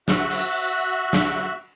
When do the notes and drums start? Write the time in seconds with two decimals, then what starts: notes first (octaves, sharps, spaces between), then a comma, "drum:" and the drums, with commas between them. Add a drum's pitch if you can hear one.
0.08 F#4 E5 F#6, drum: snare
0.31 drum: cymbal
1.13 drum: snare